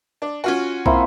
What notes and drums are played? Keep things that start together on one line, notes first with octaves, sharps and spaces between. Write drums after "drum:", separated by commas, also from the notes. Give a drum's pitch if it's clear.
D4
C#4 F4 F#4
A#3 C4 E4, drum: kick